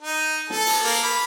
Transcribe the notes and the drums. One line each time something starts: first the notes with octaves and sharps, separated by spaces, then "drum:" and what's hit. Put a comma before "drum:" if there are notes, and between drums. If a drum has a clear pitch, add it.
D#4
A4, drum: snare
drum: open hi-hat
A#3
B5